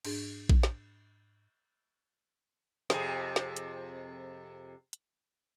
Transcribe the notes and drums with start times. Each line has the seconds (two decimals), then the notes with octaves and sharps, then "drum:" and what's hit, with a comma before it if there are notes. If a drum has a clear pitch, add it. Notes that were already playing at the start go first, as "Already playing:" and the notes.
0.05 G#2 D4 G#4, drum: cymbal
0.49 drum: kick A#1
0.63 drum: snare
2.90 F2 C3 G#4, drum: snare
3.36 drum: snare
3.56 drum: hi-hat
4.93 drum: hi-hat